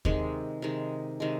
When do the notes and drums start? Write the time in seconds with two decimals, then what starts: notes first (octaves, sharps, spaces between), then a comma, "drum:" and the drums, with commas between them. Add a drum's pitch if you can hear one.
0.05 C3 D#3 G#3, drum: kick
0.62 C3 D#3 G#3
1.20 C3 D#3 G#3